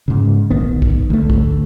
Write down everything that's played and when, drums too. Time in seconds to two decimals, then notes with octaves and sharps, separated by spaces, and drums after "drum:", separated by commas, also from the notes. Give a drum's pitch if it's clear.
0.08 G#2 C#3
0.50 D1 A#1 D#3 B3
0.82 drum: kick
1.10 D2 A3
1.30 drum: kick